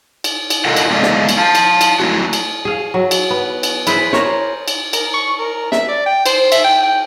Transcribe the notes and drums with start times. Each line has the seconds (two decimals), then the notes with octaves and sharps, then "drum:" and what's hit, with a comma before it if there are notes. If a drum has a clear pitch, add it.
0.24 drum: cymbal
0.50 drum: cymbal
0.65 F4 A4 A#4 D#5 F5 F#5
0.76 drum: cymbal
0.91 G#3 A3 B3 D5 D#5 F5
1.03 drum: snare
1.29 drum: cymbal
1.38 F5 A5
1.55 drum: cymbal
1.81 drum: cymbal
2.00 A3 E4 F#4
2.33 drum: cymbal
2.65 G#4 F5
2.94 F#3
3.11 drum: cymbal
3.30 B3
3.63 drum: cymbal
3.87 E4 G#4 B4 C5, drum: cymbal
4.13 A#4 C5 C#5, drum: snare
4.68 drum: cymbal
4.93 A#4, drum: cymbal
5.14 C#6
5.39 A#4
5.72 E5, drum: snare
5.88 D5
6.06 G5
6.26 C5, drum: cymbal
6.52 E5, drum: cymbal
6.64 G5
6.83 G5